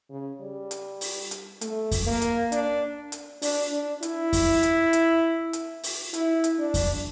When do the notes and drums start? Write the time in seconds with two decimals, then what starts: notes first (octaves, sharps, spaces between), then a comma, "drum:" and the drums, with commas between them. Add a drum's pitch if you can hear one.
0.10 C#3
0.41 G3
0.71 drum: hi-hat
1.01 drum: open hi-hat
1.31 drum: hi-hat
1.61 A3, drum: hi-hat
1.91 drum: kick F2, open hi-hat
2.07 A#3
2.22 drum: hi-hat
2.52 D4, drum: hi-hat
3.12 drum: hi-hat
3.42 D4, drum: open hi-hat
3.72 D4
4.03 E4, drum: hi-hat
4.33 drum: kick F2, open hi-hat
4.63 drum: hi-hat
4.93 drum: hi-hat
5.53 drum: hi-hat
5.83 drum: open hi-hat
6.14 E4, drum: hi-hat
6.44 drum: hi-hat
6.59 D4
6.74 drum: kick F2, open hi-hat